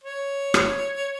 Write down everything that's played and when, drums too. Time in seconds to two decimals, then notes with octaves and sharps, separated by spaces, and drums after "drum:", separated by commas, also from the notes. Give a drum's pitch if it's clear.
0.04 C#5
0.54 drum: rim click